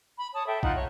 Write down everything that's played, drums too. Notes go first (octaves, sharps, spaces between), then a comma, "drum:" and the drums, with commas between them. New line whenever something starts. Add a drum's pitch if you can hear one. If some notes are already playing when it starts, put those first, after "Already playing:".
B5
C#5 A5 D#6
A4 E5 G5
D#4 F4 F#5, drum: kick A1
C#5